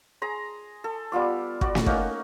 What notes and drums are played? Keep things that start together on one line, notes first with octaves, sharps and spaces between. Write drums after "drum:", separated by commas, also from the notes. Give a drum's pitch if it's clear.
G#4 A#5 C6
A4
G3 B3 F4 D6
F#4 D5, drum: kick
drum: snare
A#3 C#4 D#4 F#5, drum: kick